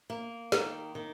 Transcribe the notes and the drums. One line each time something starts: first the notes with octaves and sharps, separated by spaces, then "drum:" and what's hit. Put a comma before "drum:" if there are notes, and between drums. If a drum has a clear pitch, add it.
A#3
D#3, drum: snare
D#3